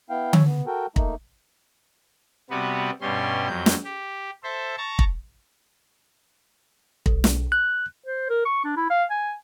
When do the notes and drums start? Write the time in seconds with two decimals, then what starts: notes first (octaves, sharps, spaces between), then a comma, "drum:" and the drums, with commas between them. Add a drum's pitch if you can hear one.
0.10 B3 E4 F5 G5
0.33 C#5 E6, drum: tom D3
0.46 B3
0.67 F#4 A4 A#4 G5
0.96 A3 A#3 D#4, drum: kick
2.50 C3 G3 B3 F#4 B4
3.01 G2 B2 G3 C#4 C6
3.48 F2 F#3 G6
3.66 drum: snare
3.84 G4
4.43 A4 C5 E5
4.78 A5 A#5 C#6
4.99 drum: kick
7.06 B1, drum: kick
7.24 drum: snare
7.52 F#6
8.05 C5
8.29 A#4
8.45 C#6
8.64 D4
8.76 E4
8.90 F5
9.10 G#5